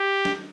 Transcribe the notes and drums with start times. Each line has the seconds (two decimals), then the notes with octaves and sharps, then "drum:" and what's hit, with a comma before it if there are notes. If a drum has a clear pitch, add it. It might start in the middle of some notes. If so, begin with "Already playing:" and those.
Already playing: G4
0.25 drum: snare